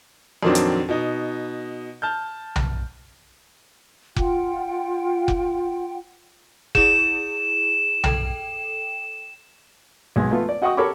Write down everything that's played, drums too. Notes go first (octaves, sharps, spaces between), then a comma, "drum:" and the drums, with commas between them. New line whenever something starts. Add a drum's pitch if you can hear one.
F2 A#2 D#3 F#3 C4 D4
drum: hi-hat
B2 D#4
A5 F6 G6
drum: tom B1
F4 F#5 G5, drum: kick F1
drum: kick F1
E4 G#4 E7, drum: kick F1
A4 G5, drum: tom B1
B1 G#3
A3 B3 F4
D5
F#4 D#5 F#5 G5 C#6 D#6
G4 A4 A#4 C#5 B5 D6